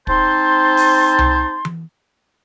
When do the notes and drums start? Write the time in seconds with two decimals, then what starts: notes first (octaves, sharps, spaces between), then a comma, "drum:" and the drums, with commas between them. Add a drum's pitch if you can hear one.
0.07 C4 D#4 C5 A5 C6, drum: kick
0.77 drum: open hi-hat
1.19 drum: tom C2
1.65 drum: tom E3